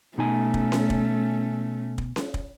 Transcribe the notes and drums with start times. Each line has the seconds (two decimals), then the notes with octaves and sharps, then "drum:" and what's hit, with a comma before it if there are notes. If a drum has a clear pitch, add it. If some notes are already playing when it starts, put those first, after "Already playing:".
0.18 B2 A3 C#4 D#4 G#5
0.54 drum: kick
0.72 drum: snare C#4
0.90 drum: kick
1.98 drum: kick
2.16 drum: snare C#4
2.34 drum: kick